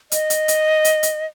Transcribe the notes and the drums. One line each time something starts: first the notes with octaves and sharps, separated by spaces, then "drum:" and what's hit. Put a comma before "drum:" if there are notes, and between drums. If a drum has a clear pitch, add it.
D#5, drum: hi-hat
drum: hi-hat
drum: hi-hat
drum: hi-hat
drum: hi-hat